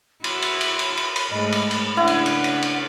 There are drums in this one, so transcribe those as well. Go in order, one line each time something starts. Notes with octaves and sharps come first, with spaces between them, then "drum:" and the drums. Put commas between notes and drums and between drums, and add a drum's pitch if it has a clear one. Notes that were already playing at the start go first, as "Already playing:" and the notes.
E4 F#4 B5 C6, drum: cymbal
drum: cymbal
drum: cymbal
drum: cymbal
drum: cymbal
drum: cymbal
G#2 G#3 A3 D#5
drum: cymbal
drum: cymbal
C#3 D4 E4 B4 F#5
drum: cymbal
drum: cymbal
drum: cymbal
drum: cymbal